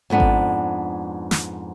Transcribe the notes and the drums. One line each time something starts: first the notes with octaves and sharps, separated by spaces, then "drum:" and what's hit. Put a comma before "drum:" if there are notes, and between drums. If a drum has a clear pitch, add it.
F2 G#2 B3 D4
drum: kick G#1
drum: snare